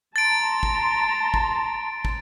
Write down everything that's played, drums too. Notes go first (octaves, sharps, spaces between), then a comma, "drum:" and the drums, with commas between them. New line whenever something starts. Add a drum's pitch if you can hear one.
A5 A#5 C6 A6 D7
drum: kick
drum: kick
drum: kick